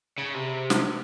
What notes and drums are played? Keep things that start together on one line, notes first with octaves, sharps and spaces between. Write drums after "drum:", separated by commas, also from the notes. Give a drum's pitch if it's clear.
C#3
C3
drum: snare